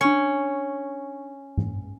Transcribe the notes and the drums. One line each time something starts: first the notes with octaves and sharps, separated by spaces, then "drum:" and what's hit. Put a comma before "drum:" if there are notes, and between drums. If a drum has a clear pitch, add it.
C#4 D4 C#6 C#7
drum: tom G#2